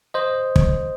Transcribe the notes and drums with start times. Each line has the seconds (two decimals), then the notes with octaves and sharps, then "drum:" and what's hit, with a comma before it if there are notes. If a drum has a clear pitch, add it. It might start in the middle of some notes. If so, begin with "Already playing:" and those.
0.14 C5 D#5
0.56 drum: kick